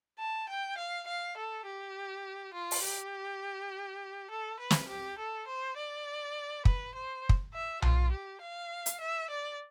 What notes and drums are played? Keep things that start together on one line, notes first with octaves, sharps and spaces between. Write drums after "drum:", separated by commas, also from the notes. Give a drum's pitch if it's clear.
A5
G5
F5
F5
A4
G4
F4
drum: open hi-hat
G4
A4
B4
drum: snare
G4
A4
C5
D5
B4, drum: kick
C5
drum: kick
E5
F4, drum: tom B1
G4
F5
drum: hi-hat
E5
D5